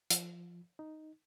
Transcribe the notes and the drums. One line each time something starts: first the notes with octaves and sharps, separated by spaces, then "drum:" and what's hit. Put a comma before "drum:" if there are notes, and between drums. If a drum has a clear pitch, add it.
F3, drum: hi-hat
D#4